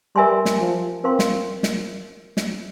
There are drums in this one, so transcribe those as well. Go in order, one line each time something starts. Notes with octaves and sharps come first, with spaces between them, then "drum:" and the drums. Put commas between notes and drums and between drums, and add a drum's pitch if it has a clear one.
G3 A#4 E5 G#5 C6
drum: snare
F3
C4 A#4 F5 C6
drum: snare
drum: snare
drum: snare